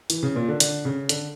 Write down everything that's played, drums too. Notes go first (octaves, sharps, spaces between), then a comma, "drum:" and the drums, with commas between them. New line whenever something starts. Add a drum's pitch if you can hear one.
E3, drum: hi-hat
C#3
A#2
D3
D3, drum: hi-hat
C#3
D3, drum: hi-hat